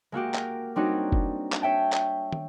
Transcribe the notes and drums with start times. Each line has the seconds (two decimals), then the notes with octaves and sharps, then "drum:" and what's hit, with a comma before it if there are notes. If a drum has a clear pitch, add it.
0.12 G#3 A#3 F#4 G4
0.34 A#4, drum: clap
0.76 G3 C4 D4 D#4 F#4 C#5
1.12 drum: kick F#1
1.52 drum: clap
1.62 C#5 E5 G5 A5
1.92 drum: clap
2.33 drum: tom